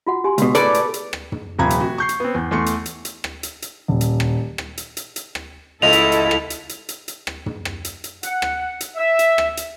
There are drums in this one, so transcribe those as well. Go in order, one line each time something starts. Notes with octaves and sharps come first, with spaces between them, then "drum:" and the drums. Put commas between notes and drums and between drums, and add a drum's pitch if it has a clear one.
F4 F#4 F#5
G4 G#5 C6
C#2 B2, drum: hi-hat
A2 G#4 A4 B4 D5, drum: hi-hat
drum: hi-hat
drum: hi-hat
drum: rim click
drum: tom
D#1 C3 F3 A#5 B5 G#6
drum: hi-hat
F#4
C#6 G6 C7
drum: hi-hat
B3 C4
E2
E2 A3 C6 C#6 C#7
drum: hi-hat
drum: hi-hat
drum: hi-hat
drum: rim click
drum: hi-hat
drum: hi-hat
D#1
drum: hi-hat
drum: rim click
drum: rim click
drum: hi-hat
drum: hi-hat
drum: hi-hat
drum: rim click
C#2 E4 F4 A4 D#5 F7
drum: hi-hat
drum: hi-hat
drum: rim click
drum: hi-hat
drum: hi-hat
drum: hi-hat
drum: hi-hat
drum: rim click
drum: tom
drum: rim click
drum: hi-hat
drum: hi-hat
F#5, drum: hi-hat
drum: rim click
drum: hi-hat
E5
drum: hi-hat
drum: rim click
drum: hi-hat